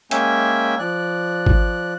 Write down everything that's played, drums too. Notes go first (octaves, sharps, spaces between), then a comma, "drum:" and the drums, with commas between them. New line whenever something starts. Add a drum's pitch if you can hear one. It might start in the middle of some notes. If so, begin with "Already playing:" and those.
G#3 A#3 C#4 E5 G5 G#5, drum: hi-hat
F3 D5 F#6
drum: kick G#1